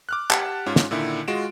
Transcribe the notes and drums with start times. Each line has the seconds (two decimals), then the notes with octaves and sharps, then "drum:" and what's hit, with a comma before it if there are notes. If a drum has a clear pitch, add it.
0.09 D6 F6 F#6
0.30 G4 F#5 A5, drum: clap
0.66 G#2 C#4 F4
0.76 drum: snare
0.91 A#2 D3 D#3 E4
1.28 G#3 F4 F#4 D7 E7